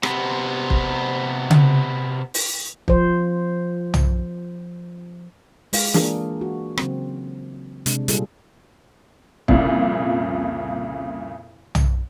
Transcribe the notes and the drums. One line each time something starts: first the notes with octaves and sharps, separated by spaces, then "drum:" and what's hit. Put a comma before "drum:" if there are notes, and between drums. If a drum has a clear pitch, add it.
C3 B3, drum: rim click
drum: kick
drum: tom C#3
drum: open hi-hat
F3 C5, drum: kick
drum: tom
G#3 F5, drum: open hi-hat
E3 A#3 D4 F4 G#4 A#4, drum: snare
F#4
C#3 F#3 C4, drum: rim click
C3 G#3 D4, drum: hi-hat
A#2 G3 A#3 F4 G#4 A4, drum: hi-hat
C2 F2 A#2 C#3 F4, drum: kick
drum: tom